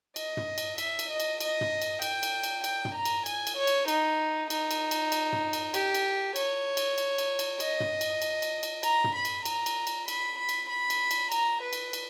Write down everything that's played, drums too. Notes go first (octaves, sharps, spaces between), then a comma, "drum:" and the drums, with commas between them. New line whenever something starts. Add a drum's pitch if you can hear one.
D#5, drum: cymbal
drum: tom
drum: cymbal
E5, drum: cymbal
drum: cymbal
D#5
drum: cymbal
D#5, drum: cymbal
drum: tom
drum: cymbal
G5, drum: cymbal
drum: cymbal
drum: cymbal
G5, drum: cymbal
drum: tom
A#5
drum: cymbal
G#5, drum: cymbal
drum: cymbal
C#5
drum: cymbal
D#4, drum: cymbal
D#4, drum: cymbal
drum: cymbal
drum: cymbal
drum: cymbal
drum: tom
drum: cymbal
G4, drum: cymbal
drum: cymbal
C#5, drum: cymbal
drum: cymbal
drum: cymbal
drum: cymbal
drum: cymbal
D#5, drum: cymbal
drum: tom
drum: cymbal
drum: cymbal
drum: cymbal
drum: cymbal
A#5, drum: cymbal
drum: tom
B5
drum: cymbal
A#5, drum: cymbal
drum: cymbal
drum: cymbal
B5, drum: cymbal
B5
drum: cymbal
B5
drum: cymbal
drum: cymbal
A#5, drum: cymbal
B4
drum: cymbal
drum: cymbal